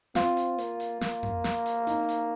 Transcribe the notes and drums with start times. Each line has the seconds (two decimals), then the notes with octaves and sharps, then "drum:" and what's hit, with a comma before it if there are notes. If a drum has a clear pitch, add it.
0.15 C4 F4, drum: snare
0.37 drum: hi-hat
0.58 A#3, drum: hi-hat
0.80 drum: hi-hat
1.01 A#3, drum: snare
1.23 drum: tom F2
1.44 drum: snare
1.66 drum: hi-hat
1.87 D#4, drum: hi-hat
2.09 drum: hi-hat